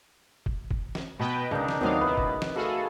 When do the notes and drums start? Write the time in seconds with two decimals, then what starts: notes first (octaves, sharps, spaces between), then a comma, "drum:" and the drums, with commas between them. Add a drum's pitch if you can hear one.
0.46 drum: kick
0.71 drum: kick
0.95 drum: snare
1.19 B2 B3 B4 D#5 G5
1.51 C#2 D4 D#4 A#4
1.68 drum: snare
1.81 D#2 D#3 F#3 B3 C4 D#4 F5 D6
2.01 C#2 B2 E4 B4
2.17 drum: kick
2.42 drum: snare
2.56 A3 F#4 G#4 A4 F5 B5